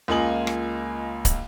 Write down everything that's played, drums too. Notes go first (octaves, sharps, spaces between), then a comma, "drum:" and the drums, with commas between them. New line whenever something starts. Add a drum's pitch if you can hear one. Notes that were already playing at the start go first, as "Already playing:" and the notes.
C#2 A#3 F4 D#5 G#5 F#7
drum: rim click
drum: kick, hi-hat